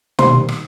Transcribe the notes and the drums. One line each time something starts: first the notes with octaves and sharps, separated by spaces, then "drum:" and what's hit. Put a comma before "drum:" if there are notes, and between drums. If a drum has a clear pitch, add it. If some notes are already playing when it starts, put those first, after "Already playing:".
D#3 G3 A#3 C5 C6, drum: tom
drum: rim click